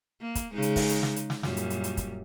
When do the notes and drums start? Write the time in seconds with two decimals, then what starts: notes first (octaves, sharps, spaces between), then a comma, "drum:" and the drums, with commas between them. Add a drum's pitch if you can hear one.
0.21 A#3
0.35 drum: kick, hi-hat
0.53 C#3 G#3 D#4
0.62 drum: hi-hat
0.76 drum: kick, open hi-hat
0.89 drum: hi-hat
1.03 drum: snare
1.16 drum: hi-hat
1.30 drum: snare
1.43 F#2 A#2 G3, drum: snare
1.57 drum: hi-hat
1.70 drum: hi-hat
1.84 drum: hi-hat
1.97 drum: kick, hi-hat